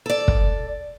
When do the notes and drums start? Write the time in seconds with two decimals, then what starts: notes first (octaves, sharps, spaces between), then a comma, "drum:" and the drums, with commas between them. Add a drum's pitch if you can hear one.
0.06 A4 D5
0.28 drum: kick